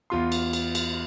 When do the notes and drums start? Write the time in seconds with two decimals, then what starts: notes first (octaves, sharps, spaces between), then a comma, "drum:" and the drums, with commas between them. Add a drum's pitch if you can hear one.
0.10 E2 F4 C6
0.32 drum: cymbal
0.53 drum: cymbal
0.75 drum: cymbal